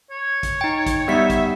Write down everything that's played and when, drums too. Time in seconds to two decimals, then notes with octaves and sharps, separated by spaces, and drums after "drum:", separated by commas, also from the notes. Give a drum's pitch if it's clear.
0.11 C#5
0.43 drum: kick A1, hi-hat
0.61 D#4 G5
0.86 drum: kick A1, hi-hat
1.08 G3 B3 D#4 E5 B6
1.30 drum: kick A1, hi-hat